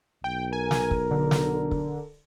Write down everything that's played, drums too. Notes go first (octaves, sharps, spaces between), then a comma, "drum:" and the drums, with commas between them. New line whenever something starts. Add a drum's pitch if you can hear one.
B1 G5
A#4 G#5
drum: snare
drum: kick
D3
drum: snare
drum: kick